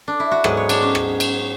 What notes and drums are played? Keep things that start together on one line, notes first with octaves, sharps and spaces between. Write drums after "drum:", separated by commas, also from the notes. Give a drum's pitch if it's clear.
D4
E4
F#4
G#2 F#3 B3 G#4, drum: rim click
C#5
D4, drum: cymbal
C#4
drum: rim click
drum: cymbal